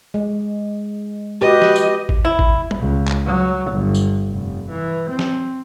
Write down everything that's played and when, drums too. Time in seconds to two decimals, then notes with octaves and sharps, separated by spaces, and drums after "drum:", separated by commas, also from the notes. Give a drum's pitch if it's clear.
0.14 G#3
1.42 F#4 G4 B4 D#5
1.62 drum: snare
1.76 drum: tambourine
2.09 drum: kick
2.25 E4
2.39 drum: kick
2.71 drum: tom
2.80 C#2
3.07 drum: clap
3.26 F#3
3.72 G1
3.94 drum: tambourine
4.30 F1
4.71 E3
5.10 C4
5.19 drum: snare